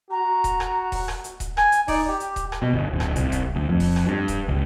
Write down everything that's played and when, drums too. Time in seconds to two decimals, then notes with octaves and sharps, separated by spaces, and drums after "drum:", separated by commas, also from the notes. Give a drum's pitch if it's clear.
0.10 F#4 A#5
0.44 drum: kick D#1, hi-hat
0.60 drum: rim click
0.92 drum: kick D#1, open hi-hat
1.08 drum: rim click
1.24 drum: hi-hat
1.40 drum: kick D#1, hi-hat
1.57 G#5, drum: rim click
1.72 drum: hi-hat
1.88 D#4 D5, drum: kick D#1, open hi-hat
2.08 G4
2.20 drum: hi-hat
2.36 drum: kick D#1, hi-hat
2.52 drum: rim click
2.62 B2
2.74 G1
2.91 D1
3.00 drum: rim click
3.16 C2, drum: hi-hat
3.32 drum: kick D#1, hi-hat
3.56 D2
3.69 F2
3.80 drum: kick D#1, open hi-hat
3.96 drum: rim click
4.07 G2
4.28 drum: kick D#1, hi-hat
4.48 C#2